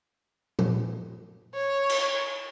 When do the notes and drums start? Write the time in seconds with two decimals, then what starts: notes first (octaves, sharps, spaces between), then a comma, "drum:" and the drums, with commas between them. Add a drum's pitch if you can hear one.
0.59 drum: tom A#2
1.55 C#5
1.89 drum: cymbal